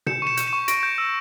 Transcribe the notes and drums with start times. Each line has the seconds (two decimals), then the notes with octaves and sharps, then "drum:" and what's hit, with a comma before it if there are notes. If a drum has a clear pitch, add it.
0.06 G6 C#7 E7, drum: tom B2
0.22 C#6 C#7 E7
0.37 G6, drum: hi-hat
0.47 C#7 E7
0.53 C#6
0.68 C#6 A#6 D7, drum: hi-hat
0.83 G6
0.98 E6 A#6